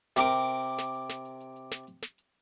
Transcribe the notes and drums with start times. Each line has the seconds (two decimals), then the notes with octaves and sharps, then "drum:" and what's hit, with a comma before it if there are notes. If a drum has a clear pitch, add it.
0.16 C3 G4 A#4 D6, drum: snare
0.32 drum: hi-hat
0.47 drum: hi-hat
0.63 drum: hi-hat
0.78 drum: snare
0.94 drum: hi-hat
1.09 drum: snare
1.25 drum: hi-hat
1.40 drum: hi-hat
1.56 drum: hi-hat
1.71 drum: snare
1.87 drum: hi-hat
2.02 drum: snare
2.18 drum: hi-hat